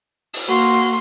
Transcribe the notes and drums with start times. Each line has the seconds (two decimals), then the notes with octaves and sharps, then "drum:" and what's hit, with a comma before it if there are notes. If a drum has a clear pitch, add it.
0.33 drum: open hi-hat
0.49 A#3 F#4 C6